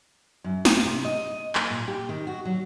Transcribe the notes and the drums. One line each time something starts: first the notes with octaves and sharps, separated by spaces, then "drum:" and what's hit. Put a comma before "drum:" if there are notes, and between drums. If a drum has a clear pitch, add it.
F#2
C4, drum: snare
C3
D#5
A#3, drum: clap
A#2
G4
D#3
F#4
F#3